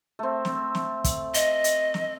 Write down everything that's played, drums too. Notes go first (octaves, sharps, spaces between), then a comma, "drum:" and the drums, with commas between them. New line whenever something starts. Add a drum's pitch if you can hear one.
A3 C4
drum: snare
drum: snare
drum: kick, hi-hat
D#5, drum: hi-hat
drum: hi-hat
drum: snare